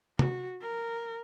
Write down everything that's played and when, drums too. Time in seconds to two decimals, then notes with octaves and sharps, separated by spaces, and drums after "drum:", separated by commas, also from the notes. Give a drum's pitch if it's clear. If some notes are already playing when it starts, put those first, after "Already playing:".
0.19 F#4, drum: tom
0.62 A#4